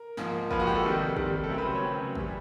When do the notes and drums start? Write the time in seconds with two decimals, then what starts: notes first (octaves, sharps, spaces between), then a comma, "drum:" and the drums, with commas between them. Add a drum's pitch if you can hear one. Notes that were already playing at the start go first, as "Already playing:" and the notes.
Already playing: A#4
0.17 G#2 F3 A#3, drum: snare
0.51 G#2 F3 A#3 B4, drum: kick
0.60 F#4
0.67 G4
0.75 A4
0.83 C3 D#3 G3
1.17 C3 D#3 G3, drum: kick
1.44 A4
1.50 C#3 F#3 A3 C4 A#4
1.58 B4
1.66 C5
1.75 C#5
1.83 C#3 F#3 A3 C4
2.15 A2 E3 G3, drum: kick